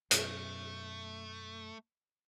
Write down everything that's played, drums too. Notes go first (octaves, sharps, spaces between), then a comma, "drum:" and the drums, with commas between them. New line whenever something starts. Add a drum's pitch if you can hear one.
F#2 B2 A3, drum: hi-hat